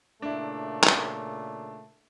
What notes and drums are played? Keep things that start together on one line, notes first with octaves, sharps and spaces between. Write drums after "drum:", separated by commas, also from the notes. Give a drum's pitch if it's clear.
A#2 C#3 A3 D4 E4
drum: clap